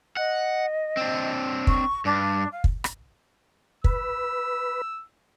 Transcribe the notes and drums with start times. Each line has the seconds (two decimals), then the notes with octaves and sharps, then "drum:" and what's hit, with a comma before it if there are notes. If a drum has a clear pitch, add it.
0.17 D#5 F#5
0.97 C4 D4
1.67 C#6, drum: kick
2.05 G2 D4
2.51 F5
2.64 drum: kick
2.84 drum: rim click
3.84 B4 E6, drum: kick